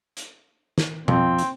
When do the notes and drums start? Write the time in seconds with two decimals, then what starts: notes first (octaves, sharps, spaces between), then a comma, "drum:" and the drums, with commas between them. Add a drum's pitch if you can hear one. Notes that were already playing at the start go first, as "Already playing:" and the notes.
0.17 drum: hi-hat
0.78 drum: snare
1.08 F2 C4, drum: tom B2
1.38 drum: hi-hat